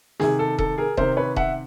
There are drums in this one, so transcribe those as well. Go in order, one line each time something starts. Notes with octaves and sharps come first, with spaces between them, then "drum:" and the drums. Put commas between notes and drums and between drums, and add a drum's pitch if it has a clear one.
C3 D#3 G#4, drum: snare
A4
A4, drum: kick D#1
G#4 A#4
C3 D#3 A#4 C5, drum: kick D#1
B4 C#5
E5 F#5, drum: kick D#1